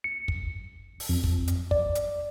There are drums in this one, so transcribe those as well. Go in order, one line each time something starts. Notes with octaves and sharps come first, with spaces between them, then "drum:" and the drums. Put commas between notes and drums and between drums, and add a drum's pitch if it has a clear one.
C#7
drum: kick
drum: open hi-hat
F2
drum: kick
drum: hi-hat
D5, drum: kick
drum: hi-hat